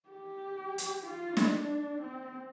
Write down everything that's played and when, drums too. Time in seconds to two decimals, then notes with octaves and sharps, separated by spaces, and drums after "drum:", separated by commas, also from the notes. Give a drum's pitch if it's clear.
0.09 G4
0.78 drum: hi-hat
1.06 F4
1.37 D4, drum: snare
2.01 C4